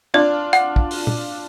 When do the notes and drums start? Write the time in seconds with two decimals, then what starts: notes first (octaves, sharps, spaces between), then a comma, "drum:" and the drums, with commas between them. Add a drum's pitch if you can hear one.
0.14 D4 F4 D5
0.53 F#5, drum: hi-hat
0.76 drum: kick
0.91 drum: open hi-hat
1.07 drum: tom